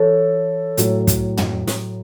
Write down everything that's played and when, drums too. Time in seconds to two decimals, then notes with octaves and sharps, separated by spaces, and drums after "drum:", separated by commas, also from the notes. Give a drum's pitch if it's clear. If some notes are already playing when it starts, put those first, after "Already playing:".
Already playing: E3 A4 C#5
0.77 A2 F#3, drum: hi-hat
1.07 drum: kick, hi-hat
1.37 drum: tom
1.67 drum: snare